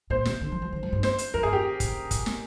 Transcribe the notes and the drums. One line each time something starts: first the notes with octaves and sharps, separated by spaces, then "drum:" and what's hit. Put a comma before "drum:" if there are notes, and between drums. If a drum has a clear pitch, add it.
A#2 C5
C3, drum: snare
D3
F3
F3
D#3
F3
G2
C5, drum: snare
drum: hi-hat
F2 A#4
G2 G#4
G4
drum: kick, hi-hat
drum: kick, hi-hat
drum: snare